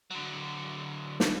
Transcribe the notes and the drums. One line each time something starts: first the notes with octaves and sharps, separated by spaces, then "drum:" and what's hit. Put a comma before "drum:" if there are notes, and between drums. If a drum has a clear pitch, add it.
D3 F#3
drum: snare